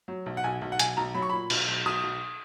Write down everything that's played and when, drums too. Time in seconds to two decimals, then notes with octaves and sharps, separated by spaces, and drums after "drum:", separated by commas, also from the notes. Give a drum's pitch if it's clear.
0.08 F#3
0.26 B1
0.37 F#5
0.44 B1 G#5
0.62 B1
0.72 F#5
0.79 B1 G#5, drum: hi-hat
0.97 B1 A#5
1.15 F#3 B5
1.22 C#6
1.29 A#2 B5
1.50 B1, drum: cymbal
1.68 B1
1.85 B1 D#6
2.03 B1